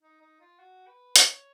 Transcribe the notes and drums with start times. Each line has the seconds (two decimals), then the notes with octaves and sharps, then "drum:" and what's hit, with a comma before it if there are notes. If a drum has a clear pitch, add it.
0.02 D#4
0.21 D#4
0.40 F4
0.59 F#4
0.87 B4
1.16 C#5, drum: hi-hat